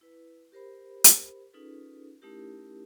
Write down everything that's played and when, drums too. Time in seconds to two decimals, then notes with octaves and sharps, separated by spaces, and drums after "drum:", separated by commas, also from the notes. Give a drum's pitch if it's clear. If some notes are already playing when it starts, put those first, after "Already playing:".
0.01 E4 B4
0.52 G4 A#4 C5 B5
1.04 drum: hi-hat
1.53 C#4 D#4 F4 G#4 A4 B4
2.21 A3 C#4 D#4 E4 G4 A#4